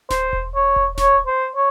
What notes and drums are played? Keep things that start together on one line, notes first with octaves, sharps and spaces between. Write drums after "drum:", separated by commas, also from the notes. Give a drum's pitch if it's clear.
C5, drum: snare D1
drum: kick E1
C#5
drum: kick E1
C#5, drum: snare D1
C5
C#5